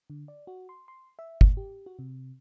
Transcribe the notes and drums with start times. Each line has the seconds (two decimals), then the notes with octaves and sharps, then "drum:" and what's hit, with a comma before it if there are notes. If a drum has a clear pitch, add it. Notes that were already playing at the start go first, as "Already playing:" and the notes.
0.10 D3
0.28 D5
0.47 F#4
0.69 C6
0.88 C6
1.19 E5
1.41 A2, drum: kick
1.57 G4
1.86 F#4
1.99 C3